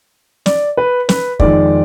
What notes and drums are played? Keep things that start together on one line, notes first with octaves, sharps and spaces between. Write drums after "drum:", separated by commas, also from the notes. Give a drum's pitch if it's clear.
D5, drum: snare
B4
B4, drum: snare
F2 D#3 G#3 D5, drum: kick